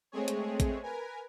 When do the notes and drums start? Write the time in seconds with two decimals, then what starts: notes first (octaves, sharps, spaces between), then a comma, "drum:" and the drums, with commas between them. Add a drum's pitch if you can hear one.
0.12 G#3 A3 C4 G#4 C#5
0.28 drum: hi-hat
0.60 drum: kick, hi-hat
0.83 A#4 B4 G#5